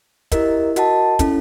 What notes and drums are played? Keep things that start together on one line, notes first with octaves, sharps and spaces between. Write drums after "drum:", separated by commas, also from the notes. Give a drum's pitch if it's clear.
E4 G4 A#4 D#5, drum: kick, hi-hat
F#4 A#4 D#5 F#5 A5, drum: hi-hat
C#4 E4 A4, drum: kick, hi-hat